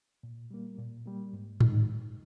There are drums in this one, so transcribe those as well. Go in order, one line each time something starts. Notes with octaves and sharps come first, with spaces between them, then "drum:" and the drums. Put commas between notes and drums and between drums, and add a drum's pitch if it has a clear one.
A#2
G3 A#3
A#2
G3 A#3
G#2
D#3 G#3 D#4, drum: tom G#2
G#2